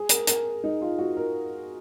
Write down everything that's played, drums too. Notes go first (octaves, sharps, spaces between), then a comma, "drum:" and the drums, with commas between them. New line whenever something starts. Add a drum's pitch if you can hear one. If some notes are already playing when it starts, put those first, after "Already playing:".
Already playing: G#4
A#4, drum: hi-hat
A#4, drum: hi-hat
D#4
F4
F#4
A#4